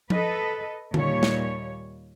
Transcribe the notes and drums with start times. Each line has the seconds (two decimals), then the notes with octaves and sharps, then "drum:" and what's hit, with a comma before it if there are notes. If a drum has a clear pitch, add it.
0.10 A4 B4 D#5, drum: tom F3
0.94 D#2 A#2 G3 C#5, drum: tom D3
1.23 drum: snare